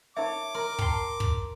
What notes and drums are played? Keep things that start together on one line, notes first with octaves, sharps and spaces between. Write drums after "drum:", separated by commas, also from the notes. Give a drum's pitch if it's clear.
D#4 A#4 C#5 E5 D6
A#4 C6 D#6
A#4 G5 A5 C6, drum: kick
drum: kick